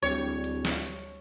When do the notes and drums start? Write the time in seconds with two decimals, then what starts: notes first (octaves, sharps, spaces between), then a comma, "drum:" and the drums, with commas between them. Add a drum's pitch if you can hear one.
0.03 D1 D2 G3 C#5, drum: hi-hat
0.44 drum: hi-hat
0.65 drum: snare
0.86 drum: hi-hat